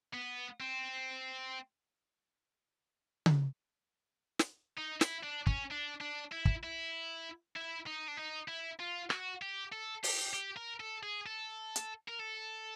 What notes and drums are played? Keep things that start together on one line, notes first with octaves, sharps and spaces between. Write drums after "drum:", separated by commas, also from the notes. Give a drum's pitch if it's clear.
B3
C4
drum: tom C#3
drum: snare
D#4
E4, drum: snare
D4
C#4, drum: kick
D4
D4
E4
drum: kick
E4
E4
D#4
D4
D#4
E4
F4
F#4, drum: rim click
G4
A4
G4, drum: open hi-hat
G4
A#4
A4
G#4
A4
drum: hi-hat
A#4
A4